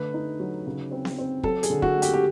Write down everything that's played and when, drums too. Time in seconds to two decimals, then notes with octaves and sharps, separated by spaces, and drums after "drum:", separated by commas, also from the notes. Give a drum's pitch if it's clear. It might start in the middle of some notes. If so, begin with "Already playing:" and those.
Already playing: D3 A3 B4
0.14 D#4
0.40 F#3
0.67 C#3
0.91 C4
1.05 drum: snare B3
1.19 C4
1.43 F#3 A4, drum: kick
1.63 G#4, drum: hi-hat
1.70 D3
1.82 F#4, drum: kick
1.96 A3
2.02 G4, drum: hi-hat
2.14 G4